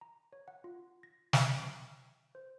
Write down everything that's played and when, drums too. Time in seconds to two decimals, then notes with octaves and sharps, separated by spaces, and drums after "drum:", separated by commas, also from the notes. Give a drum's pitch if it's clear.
0.01 A#5
0.33 C#5
0.48 F#5
0.64 F4
1.03 A#6
1.33 E5, drum: snare
2.35 C5